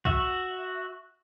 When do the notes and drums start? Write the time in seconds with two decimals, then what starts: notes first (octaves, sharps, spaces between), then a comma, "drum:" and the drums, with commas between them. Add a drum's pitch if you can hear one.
0.05 F#4 E5, drum: kick